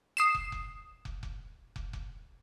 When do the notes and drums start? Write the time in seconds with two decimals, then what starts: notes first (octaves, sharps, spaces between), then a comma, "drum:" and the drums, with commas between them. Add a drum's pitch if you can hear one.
0.17 D#6 C7 E7
0.35 drum: kick
0.52 drum: kick
1.05 drum: kick
1.23 drum: kick
1.76 drum: kick
1.93 drum: kick